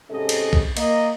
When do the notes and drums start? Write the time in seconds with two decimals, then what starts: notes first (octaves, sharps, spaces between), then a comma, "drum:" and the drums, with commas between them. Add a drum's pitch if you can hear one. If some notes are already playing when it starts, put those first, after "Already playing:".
0.10 G#2 C3 C#4 G#4 A4 D#5
0.29 drum: cymbal
0.53 drum: kick B1
0.77 A#3 D#5, drum: cymbal